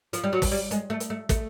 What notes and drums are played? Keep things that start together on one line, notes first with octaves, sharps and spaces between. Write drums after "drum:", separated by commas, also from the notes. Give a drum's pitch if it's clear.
F3, drum: hi-hat
G3
F#3
drum: kick, open hi-hat
G3
G#3, drum: hi-hat
A3
drum: hi-hat
A3
A3, drum: kick, hi-hat